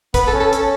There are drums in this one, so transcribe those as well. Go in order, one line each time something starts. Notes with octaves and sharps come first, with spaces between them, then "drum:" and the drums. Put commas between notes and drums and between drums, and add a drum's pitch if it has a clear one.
B3 B4, drum: kick, hi-hat
A4
C#4
A4
C#4 A4, drum: hi-hat